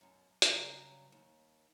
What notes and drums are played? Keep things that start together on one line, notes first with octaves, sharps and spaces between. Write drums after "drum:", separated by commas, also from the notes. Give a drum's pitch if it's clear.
F#2 B2
G2 C#3 F#3, drum: hi-hat
D#2